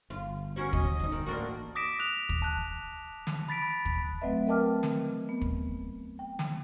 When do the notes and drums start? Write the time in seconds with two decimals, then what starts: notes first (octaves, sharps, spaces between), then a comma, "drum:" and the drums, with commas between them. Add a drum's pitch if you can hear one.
0.10 G1 F4
0.56 C#4 F#4 A#4 C5 C#5
0.73 D#5, drum: kick
1.00 G1 D4 D#4
1.12 D#3
1.26 A1 A#3 C4 D4 F#4 A#4
1.75 D6 D#6 A#6 B6 D7 E7
1.99 D#6 F#6 F7
2.29 drum: kick
2.42 A5 F#6
3.27 drum: snare
3.49 B5 A6 B6 D7
3.85 drum: kick
4.21 F#3 A3 C4 B4 D#5 E5
4.47 A#4 D#5 G5 A5 D6 F6
4.83 drum: snare
5.29 B3
5.41 drum: kick
6.19 G5
6.39 drum: snare